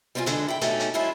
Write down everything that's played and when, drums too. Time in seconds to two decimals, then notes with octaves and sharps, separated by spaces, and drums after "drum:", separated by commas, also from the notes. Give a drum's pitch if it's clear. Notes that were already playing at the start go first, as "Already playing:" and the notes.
0.15 G3 C4 D4 E4 F4 G#5
0.26 F2 D3 G#3, drum: hi-hat
0.48 E4 G5
0.61 G#2 B2 A3 C#4 D#4 G4, drum: hi-hat
0.80 drum: hi-hat
0.94 F3 F#3 G#3 C#4 E4 F4